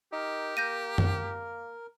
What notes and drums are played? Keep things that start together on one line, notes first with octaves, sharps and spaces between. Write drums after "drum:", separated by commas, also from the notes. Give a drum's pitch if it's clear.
D#4 G4 A#4
A#3 G6 A#6 D#7
A#3, drum: tom F#2